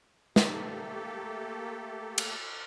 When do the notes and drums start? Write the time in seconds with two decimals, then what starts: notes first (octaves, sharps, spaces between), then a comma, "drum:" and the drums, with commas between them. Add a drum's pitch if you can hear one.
0.36 A3 A#3 G4 A4, drum: snare
2.18 drum: cymbal